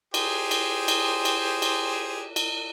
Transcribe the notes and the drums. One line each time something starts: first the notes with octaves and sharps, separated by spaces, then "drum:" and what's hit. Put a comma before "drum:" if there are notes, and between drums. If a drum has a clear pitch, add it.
G4 G#4 C5, drum: cymbal
drum: cymbal
drum: cymbal
drum: cymbal
drum: cymbal
drum: cymbal